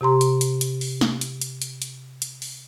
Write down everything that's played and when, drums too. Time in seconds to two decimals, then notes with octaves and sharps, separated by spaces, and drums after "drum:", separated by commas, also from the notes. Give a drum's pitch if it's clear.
0.01 C3 G4 A#5 C6
0.21 drum: hi-hat
0.41 drum: hi-hat
0.61 drum: hi-hat
0.81 drum: open hi-hat
1.01 drum: snare
1.21 drum: hi-hat
1.41 drum: hi-hat
1.62 drum: hi-hat
1.82 drum: hi-hat
2.22 drum: hi-hat
2.42 drum: open hi-hat